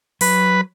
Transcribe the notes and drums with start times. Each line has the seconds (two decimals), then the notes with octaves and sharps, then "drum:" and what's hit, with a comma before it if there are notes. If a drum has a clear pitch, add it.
0.21 F#3 B4, drum: open hi-hat